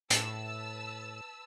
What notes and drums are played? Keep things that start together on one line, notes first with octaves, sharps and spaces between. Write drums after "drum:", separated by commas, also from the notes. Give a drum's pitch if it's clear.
A2 B4 A5 E6, drum: hi-hat